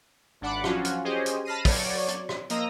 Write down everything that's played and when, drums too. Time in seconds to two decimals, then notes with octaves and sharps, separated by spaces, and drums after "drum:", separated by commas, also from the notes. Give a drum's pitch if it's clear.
0.41 G#1 D4 F#5 B5 D6
0.64 F3 F#3 C#4 F4 F#4, drum: rim click
0.85 drum: hi-hat
1.05 C#4 G4 G#4 C5 D#5
1.26 drum: hi-hat
1.45 A5 B5 F6 A#6 C7 D#7
1.65 F#3 C#5 D5, drum: kick, open hi-hat
2.08 drum: hi-hat
2.29 drum: rim click
2.50 F3 A#3 D#5 A#5 D#6 E6, drum: hi-hat